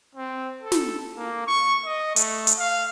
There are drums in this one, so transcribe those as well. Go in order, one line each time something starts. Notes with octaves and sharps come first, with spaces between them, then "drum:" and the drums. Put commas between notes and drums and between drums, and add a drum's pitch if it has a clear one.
C4
A4
drum: snare
A#3
C#6
D#5
A3, drum: hi-hat
drum: hi-hat
F5